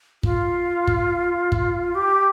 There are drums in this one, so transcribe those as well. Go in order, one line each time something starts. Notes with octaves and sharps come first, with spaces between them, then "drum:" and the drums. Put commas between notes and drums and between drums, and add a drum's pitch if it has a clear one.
F4, drum: kick
drum: kick
drum: kick
G4